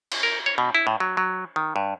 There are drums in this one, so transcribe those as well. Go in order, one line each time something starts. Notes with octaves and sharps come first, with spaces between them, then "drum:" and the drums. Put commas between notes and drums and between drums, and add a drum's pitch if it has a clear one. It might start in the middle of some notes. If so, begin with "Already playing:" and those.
drum: cymbal
A#4
C#5
B2
E4
A2
F#3
F#3
D#3
G2